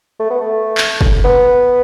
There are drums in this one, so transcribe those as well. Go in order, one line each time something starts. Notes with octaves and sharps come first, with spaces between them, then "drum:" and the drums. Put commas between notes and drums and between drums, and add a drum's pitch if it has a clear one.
A3
B3
A3
drum: clap
drum: kick
B3